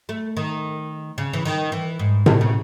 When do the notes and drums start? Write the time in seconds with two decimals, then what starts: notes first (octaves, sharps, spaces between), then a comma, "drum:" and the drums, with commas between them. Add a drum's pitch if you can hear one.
0.09 A3
0.37 D#3
1.18 C#3
1.33 E3
1.45 D#3
1.72 E3
1.99 G#2
2.26 A2, drum: tom C3
2.41 C#3